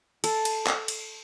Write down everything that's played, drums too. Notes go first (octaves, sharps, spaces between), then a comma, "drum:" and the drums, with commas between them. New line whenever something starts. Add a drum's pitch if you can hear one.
A4, drum: cymbal
drum: cymbal
drum: clap
drum: cymbal